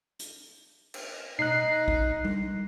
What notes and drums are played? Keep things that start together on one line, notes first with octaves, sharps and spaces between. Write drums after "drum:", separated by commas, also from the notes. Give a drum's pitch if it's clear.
drum: hi-hat
drum: cymbal
D#4 F#6 C7, drum: tom B2
drum: kick A#1
drum: tom G3